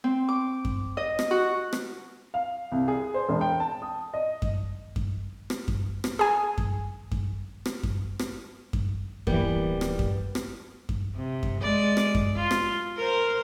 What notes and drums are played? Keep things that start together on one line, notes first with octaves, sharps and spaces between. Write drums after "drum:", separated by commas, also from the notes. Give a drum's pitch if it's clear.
C4
D6
drum: kick F#2
D#5
drum: rim click
F#4
drum: rim click
F5
C2
G#4
C5
E1
G5
A5
D#6
D#5
drum: kick F#2
drum: kick F#2
drum: rim click
drum: kick F#2
drum: rim click
G#4 G#5
drum: kick F#2
drum: kick F#2
drum: rim click
drum: kick F#2
drum: rim click
drum: kick F#2
D1 E3 G3 A#3 B3, drum: kick F#2
drum: rim click
drum: kick F#2
drum: rim click
drum: kick F#2
C3
drum: kick F#2
G#3 D5
drum: rim click
drum: kick F#2
F4
drum: rim click
A#4 C5